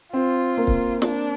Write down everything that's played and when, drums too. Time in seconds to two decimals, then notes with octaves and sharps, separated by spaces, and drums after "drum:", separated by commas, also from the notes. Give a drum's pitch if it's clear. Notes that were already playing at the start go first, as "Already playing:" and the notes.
0.13 C4 F4
0.57 A#3
0.67 drum: kick C#1
1.02 D4, drum: snare